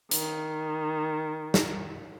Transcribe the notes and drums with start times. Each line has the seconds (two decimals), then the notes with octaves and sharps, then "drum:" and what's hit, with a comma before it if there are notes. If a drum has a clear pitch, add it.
0.11 D#3, drum: hi-hat
1.54 drum: snare